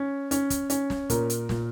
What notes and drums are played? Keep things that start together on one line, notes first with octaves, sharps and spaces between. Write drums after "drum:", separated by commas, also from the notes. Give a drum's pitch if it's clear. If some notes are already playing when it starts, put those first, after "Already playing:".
Already playing: C#4
C#4, drum: hi-hat
drum: kick, hi-hat
C#4, drum: hi-hat
drum: snare
A#2 A#4, drum: kick, hi-hat
drum: hi-hat
A#2, drum: snare